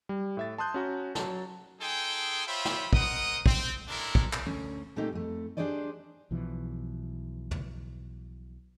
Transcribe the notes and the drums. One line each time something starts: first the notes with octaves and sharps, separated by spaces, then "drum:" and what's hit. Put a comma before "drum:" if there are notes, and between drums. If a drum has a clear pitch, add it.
G3
A2 E5 A6
A5 C6 D#6 F#6 G6
C#4 F#4 A#5
F#3 A5, drum: snare
D#4 G#4 A4 G5 G#5 C6
F4 C5 C#5 E5 G5 B5
drum: snare
A#4 C5 D#5 F#5 D#6, drum: kick
C4, drum: kick
G#3 C4 D4 E4 A4 A#4
drum: kick
drum: clap
D2 C#4
A#2 A3 A#3 C4 D#4 G4
F2 A3
D4 G4 G#4 C5 D5 D#5
B1 B2 E3 F3
drum: tom